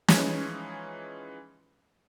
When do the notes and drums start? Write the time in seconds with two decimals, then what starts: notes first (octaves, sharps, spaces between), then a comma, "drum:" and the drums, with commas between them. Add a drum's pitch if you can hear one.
0.08 E3 F3 G#3 C#4 D#4, drum: snare